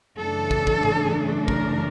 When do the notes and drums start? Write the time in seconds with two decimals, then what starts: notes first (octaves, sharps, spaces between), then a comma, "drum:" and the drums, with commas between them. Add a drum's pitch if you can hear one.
0.18 F#2 C#3 E3 A3 D4 A4
0.51 drum: kick
0.67 drum: kick
0.83 drum: tom G#2
1.48 A#4, drum: kick